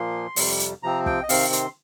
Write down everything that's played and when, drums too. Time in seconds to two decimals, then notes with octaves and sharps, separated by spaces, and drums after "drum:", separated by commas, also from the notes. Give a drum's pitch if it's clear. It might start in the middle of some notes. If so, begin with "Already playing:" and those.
Already playing: A#2 F3 A#3 C6
0.36 F2 C3 G3, drum: open hi-hat
0.59 drum: hi-hat
0.83 C3 F3 C4 A#5
1.06 G5, drum: kick
1.23 D#5
1.29 C3 D#3 C4 F5, drum: open hi-hat
1.53 C6, drum: hi-hat